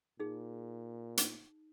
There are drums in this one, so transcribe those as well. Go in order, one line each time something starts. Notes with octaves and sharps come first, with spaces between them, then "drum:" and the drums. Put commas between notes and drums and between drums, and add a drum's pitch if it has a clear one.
A#2 D#4 G#4
D#4, drum: hi-hat